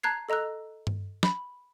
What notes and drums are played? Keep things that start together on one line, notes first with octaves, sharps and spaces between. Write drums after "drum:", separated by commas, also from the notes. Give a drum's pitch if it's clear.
A5 A#5 F#6 G#6 C7
A4 D#5 A#5 E6 F#6
drum: tom G2
B5, drum: snare